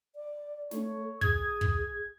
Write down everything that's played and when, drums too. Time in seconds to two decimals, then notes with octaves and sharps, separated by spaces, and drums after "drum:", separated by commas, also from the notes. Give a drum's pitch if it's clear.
0.15 D5
0.71 A3 C#5, drum: snare
1.21 G#4 D#6 G#6, drum: kick
1.61 drum: kick